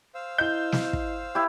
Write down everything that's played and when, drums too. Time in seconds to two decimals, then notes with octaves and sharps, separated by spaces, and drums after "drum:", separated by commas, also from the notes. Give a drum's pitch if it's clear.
0.15 C5 F5 E6
0.38 E4 D#5 G6
0.72 drum: snare
0.93 drum: kick
1.35 E4 G4